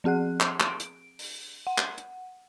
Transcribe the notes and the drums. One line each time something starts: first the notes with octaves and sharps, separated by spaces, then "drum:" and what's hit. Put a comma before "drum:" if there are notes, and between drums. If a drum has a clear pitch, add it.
F3 C4 G#4 F#5 F#6
drum: clap
D7, drum: clap
drum: hi-hat
drum: open hi-hat
F#5
drum: clap
drum: hi-hat